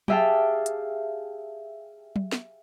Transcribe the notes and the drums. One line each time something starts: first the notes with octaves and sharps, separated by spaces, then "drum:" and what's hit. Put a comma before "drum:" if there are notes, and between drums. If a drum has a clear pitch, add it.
G4 G#4 E5 F5 G5 A5, drum: tom F#3
drum: hi-hat
drum: tom F#3
drum: snare